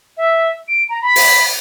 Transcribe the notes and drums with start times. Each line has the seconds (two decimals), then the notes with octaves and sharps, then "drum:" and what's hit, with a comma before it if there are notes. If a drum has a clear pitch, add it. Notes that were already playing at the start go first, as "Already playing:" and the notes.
0.17 E5
0.68 D7
0.89 A#5
1.02 B5
1.16 drum: open hi-hat